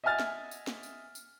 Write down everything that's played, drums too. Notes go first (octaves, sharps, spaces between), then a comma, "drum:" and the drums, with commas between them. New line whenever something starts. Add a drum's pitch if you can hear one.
D#5 E5 F#5 G#5 F6 A6
drum: snare
drum: tambourine
drum: snare
drum: tambourine
drum: tambourine